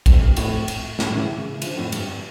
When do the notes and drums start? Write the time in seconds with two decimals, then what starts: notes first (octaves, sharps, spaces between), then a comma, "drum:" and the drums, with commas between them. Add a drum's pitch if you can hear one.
0.06 F2, drum: kick, cymbal
0.21 G2
0.36 F2 A2, drum: cymbal
0.68 drum: cymbal
0.99 A2 C#3, drum: snare
1.15 C#3 E3
1.62 D3 F3, drum: cymbal
1.77 F2 A2
1.92 G2, drum: cymbal